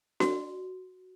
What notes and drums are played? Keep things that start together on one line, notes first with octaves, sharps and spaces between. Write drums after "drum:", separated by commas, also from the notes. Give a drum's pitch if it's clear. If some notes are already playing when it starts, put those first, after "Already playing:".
F#4, drum: snare D4